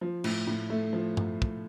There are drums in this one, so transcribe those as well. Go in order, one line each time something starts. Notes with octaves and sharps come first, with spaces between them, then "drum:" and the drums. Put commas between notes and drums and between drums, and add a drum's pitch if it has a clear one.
F3
A2, drum: cymbal
A2
A3
F3
drum: tom G2
drum: kick